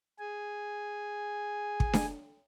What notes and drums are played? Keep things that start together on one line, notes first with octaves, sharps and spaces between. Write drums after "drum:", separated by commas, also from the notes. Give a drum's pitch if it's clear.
G#4 G#5
drum: kick
drum: snare D4